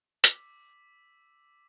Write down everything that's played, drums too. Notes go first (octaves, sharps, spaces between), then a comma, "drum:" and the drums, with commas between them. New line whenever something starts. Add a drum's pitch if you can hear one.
D6 E6 B6, drum: hi-hat